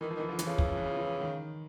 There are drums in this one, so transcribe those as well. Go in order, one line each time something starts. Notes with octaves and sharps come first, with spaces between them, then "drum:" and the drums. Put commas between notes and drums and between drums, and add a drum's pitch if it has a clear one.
D#3 E3
F3
D#3 E3
D3 F3
E3, drum: hi-hat
C#3 F3
E3, drum: kick
F3
E3
F3
E3
D#3